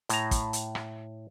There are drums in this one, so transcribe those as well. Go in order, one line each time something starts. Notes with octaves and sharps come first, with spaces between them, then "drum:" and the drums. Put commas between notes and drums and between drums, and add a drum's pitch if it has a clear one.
A2 A#5, drum: hi-hat
drum: kick, hi-hat
drum: hi-hat
drum: rim click